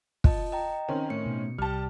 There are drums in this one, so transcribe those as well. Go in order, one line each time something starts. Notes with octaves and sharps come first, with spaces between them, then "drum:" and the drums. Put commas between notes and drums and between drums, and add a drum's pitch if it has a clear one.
F4 D#5 A5, drum: kick
D#5 G5 A#5
D#3 C4 C#4
A2 C#7
B2
C2 G3 G4 A5 F6